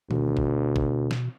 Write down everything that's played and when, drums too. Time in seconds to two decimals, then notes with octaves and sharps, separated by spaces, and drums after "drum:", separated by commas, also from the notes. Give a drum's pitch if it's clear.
0.11 D2 B2, drum: tom D#3
0.37 drum: kick A1
0.76 drum: kick A1
1.11 drum: snare